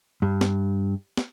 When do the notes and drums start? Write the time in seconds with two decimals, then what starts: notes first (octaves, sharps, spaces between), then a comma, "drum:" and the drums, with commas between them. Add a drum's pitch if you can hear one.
0.22 G2
0.41 drum: snare
1.17 drum: snare